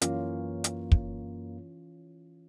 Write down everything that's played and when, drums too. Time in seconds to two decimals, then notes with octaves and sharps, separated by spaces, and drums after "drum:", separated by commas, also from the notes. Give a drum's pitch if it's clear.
0.02 F#2 E3 A#3 C#4 F4, drum: hi-hat
0.64 drum: hi-hat
0.92 drum: kick